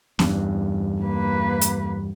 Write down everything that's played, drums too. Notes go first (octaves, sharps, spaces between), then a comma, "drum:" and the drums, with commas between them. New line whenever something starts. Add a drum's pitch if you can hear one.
E2 G2, drum: snare B3
A#3 B4
drum: hi-hat